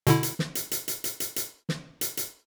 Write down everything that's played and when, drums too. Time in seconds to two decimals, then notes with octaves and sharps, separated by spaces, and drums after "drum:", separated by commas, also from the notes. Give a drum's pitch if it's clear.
0.07 B2 D3 E4, drum: hi-hat
0.23 drum: hi-hat
0.39 drum: snare
0.55 drum: hi-hat
0.71 drum: hi-hat
0.88 drum: hi-hat
1.04 drum: hi-hat
1.20 drum: hi-hat
1.36 drum: hi-hat
1.69 drum: snare
2.01 drum: hi-hat
2.17 drum: hi-hat